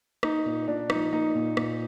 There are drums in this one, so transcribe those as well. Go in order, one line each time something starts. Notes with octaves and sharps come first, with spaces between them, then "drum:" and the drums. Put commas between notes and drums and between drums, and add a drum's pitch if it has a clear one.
A#3 D#4, drum: rim click
A#2
A#2 D4
F3 D#4, drum: rim click
A#3 D#4
A#2
A#2, drum: rim click